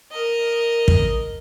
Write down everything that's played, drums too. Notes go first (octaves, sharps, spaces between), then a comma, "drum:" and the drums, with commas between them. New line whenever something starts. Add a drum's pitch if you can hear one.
A#4 D#5
drum: kick